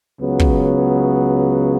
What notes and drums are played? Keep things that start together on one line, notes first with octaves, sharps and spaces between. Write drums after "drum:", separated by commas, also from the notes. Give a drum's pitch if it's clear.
C#2 C#3 F#3 B3
drum: kick